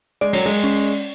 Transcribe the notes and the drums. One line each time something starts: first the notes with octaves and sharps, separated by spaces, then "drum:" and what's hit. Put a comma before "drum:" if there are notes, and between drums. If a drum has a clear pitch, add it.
G#3 D5
F#3, drum: open hi-hat
G#3
C#4